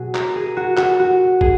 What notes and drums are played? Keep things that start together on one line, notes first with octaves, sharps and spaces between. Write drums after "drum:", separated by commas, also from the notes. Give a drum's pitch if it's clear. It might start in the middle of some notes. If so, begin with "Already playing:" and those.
Already playing: B2 F#3 F#4 G#4
A#4, drum: clap
G#4
F#4
F#4, drum: clap
F#4
G#4, drum: kick